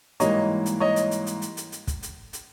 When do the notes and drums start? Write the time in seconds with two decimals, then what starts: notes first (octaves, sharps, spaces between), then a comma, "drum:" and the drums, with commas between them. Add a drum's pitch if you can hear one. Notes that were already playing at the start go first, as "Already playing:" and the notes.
0.20 G#2 E3 G3 A#3 C#5 D#5, drum: hi-hat
0.66 drum: hi-hat
0.80 C#5 D#5
0.96 drum: hi-hat
1.11 drum: hi-hat
1.27 drum: hi-hat
1.42 drum: hi-hat
1.57 drum: hi-hat
1.72 drum: hi-hat
1.87 drum: kick, hi-hat
2.03 drum: hi-hat
2.33 drum: hi-hat